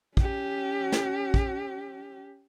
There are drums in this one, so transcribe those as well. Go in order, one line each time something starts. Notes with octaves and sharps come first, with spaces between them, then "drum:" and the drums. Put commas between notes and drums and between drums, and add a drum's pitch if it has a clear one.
C#4 G4, drum: kick
drum: snare
drum: kick